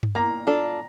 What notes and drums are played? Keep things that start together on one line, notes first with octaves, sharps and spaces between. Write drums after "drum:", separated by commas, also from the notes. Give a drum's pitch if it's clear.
drum: tom G2
A#3 A#5
D4 F4 A4